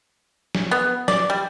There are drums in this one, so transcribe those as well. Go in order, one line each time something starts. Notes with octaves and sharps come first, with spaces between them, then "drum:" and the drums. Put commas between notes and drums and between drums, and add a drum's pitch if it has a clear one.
drum: snare
B3
D5, drum: snare
G3